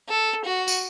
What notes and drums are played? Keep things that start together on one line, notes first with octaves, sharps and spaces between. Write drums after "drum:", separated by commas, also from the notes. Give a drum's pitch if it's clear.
A4
F#4
drum: tambourine